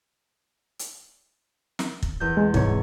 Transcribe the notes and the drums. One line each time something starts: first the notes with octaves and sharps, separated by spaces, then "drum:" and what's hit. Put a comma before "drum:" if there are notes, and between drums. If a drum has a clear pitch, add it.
drum: hi-hat
drum: snare
drum: kick
E2 G6
G#3
C2 G#2 C#5, drum: kick